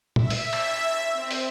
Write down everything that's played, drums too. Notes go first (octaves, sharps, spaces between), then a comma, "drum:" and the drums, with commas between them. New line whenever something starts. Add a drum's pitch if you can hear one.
E5, drum: tom
drum: open hi-hat
drum: cymbal
C4
drum: open hi-hat